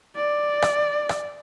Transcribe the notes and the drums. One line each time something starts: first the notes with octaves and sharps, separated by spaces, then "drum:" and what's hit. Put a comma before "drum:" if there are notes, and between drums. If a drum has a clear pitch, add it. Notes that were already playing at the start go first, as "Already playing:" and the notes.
D5
drum: rim click
drum: rim click